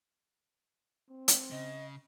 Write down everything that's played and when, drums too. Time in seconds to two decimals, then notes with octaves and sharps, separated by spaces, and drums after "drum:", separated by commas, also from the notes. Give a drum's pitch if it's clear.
1.10 C4
1.28 drum: hi-hat
1.51 C#3 D#5